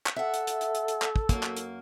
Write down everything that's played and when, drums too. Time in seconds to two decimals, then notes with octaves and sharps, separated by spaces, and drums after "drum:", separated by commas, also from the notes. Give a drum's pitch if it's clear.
0.06 drum: clap
0.16 A4 E5 F#5
0.34 drum: hi-hat
0.47 drum: hi-hat
0.61 drum: hi-hat
0.75 drum: hi-hat
0.88 drum: hi-hat
1.02 drum: clap
1.16 drum: kick
1.29 F#2 A#3, drum: kick, hi-hat
1.43 drum: clap
1.57 drum: hi-hat